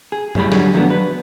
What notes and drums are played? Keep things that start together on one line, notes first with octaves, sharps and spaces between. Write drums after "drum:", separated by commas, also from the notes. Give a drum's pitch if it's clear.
G#4
F#2 A2 G3 G#4 B5, drum: tom F#2
D3 F#3 G3 G#4, drum: snare
D#3 F3 F#3 A3 B3 D4
B4